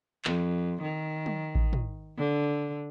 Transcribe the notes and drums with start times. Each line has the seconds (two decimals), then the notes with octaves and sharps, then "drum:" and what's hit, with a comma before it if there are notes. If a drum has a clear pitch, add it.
0.25 F2, drum: clap
0.82 D#3
1.26 drum: tom
1.55 drum: kick A1
1.73 drum: tom
2.18 D3